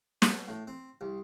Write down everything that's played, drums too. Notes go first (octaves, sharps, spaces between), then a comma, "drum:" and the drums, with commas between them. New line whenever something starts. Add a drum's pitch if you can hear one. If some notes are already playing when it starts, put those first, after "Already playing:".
B2, drum: snare
A2
C4
C2